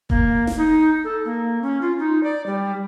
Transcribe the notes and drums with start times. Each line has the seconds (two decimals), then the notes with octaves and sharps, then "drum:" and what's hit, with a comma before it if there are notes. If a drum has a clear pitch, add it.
0.10 A#3, drum: kick E1
0.47 drum: snare
0.57 D#4
1.04 A4
1.25 A#3
1.62 C#4
1.82 F4
1.99 D#4
2.23 D5
2.46 G3